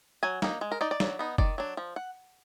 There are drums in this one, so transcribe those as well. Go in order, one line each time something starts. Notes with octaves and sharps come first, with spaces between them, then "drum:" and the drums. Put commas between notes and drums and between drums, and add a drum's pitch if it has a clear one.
F#3 G#5
A#3 D#4, drum: snare
G#3
A#4
D#4 D5
D5
F#3, drum: snare
B3 D#4
D#3 D5, drum: kick F#1
F#3 D4
F3
F#5